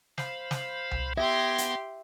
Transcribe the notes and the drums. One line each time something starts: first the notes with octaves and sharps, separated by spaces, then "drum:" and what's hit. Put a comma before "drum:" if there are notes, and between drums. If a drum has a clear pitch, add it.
C5 F5 B5, drum: snare
drum: snare
drum: tom C2
B3 G4 E5 C6 G#6 A#6
drum: hi-hat